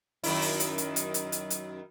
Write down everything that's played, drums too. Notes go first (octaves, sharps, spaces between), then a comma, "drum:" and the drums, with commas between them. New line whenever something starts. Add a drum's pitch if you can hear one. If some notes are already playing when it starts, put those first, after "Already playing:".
F#2 D#3 E4, drum: open hi-hat
drum: open hi-hat
drum: hi-hat
drum: hi-hat
drum: hi-hat
drum: hi-hat
drum: hi-hat
drum: hi-hat